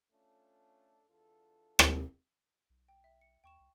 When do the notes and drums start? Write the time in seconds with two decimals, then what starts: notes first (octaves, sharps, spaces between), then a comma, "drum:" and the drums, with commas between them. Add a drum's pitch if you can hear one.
0.12 A3 C#4 D4 F4 A4
1.08 E2 D4 F4 A4
1.79 drum: rim click
2.70 B1
2.88 G5
3.04 E5
3.21 C#7
3.44 D#2 G5 C#6 E7
3.60 C2